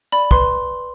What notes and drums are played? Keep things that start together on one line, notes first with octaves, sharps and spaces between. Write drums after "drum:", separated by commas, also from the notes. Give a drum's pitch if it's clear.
D5 B5
B4 C6, drum: kick